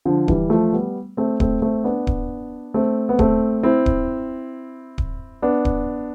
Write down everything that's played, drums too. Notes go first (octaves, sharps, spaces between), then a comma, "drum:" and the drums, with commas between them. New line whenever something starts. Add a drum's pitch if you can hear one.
D3 F3
E3 G3, drum: kick D1
F3 A3
G3 B3
A3 C4
A3 C4, drum: kick D1
A3 C4
B3 D4
drum: kick D1
A3 C4
B3
A3 C4, drum: kick D1
C4 E4
drum: kick D1
drum: kick D1
B3 D4
drum: kick D1